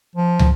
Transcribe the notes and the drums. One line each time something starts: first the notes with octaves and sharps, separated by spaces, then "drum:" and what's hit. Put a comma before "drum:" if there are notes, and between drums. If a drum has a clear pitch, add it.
F3
drum: tom